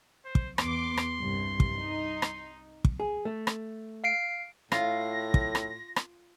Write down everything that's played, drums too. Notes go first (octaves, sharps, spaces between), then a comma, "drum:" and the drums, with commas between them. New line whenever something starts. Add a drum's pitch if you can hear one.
C5
drum: kick
E2 B3 C6 D6, drum: rim click
drum: rim click
C2 G2
drum: kick
D#4
drum: rim click
drum: kick
G#4
A3
drum: rim click
F5 C7 D7
A2 F4 A#6, drum: rim click
drum: kick
drum: rim click
drum: rim click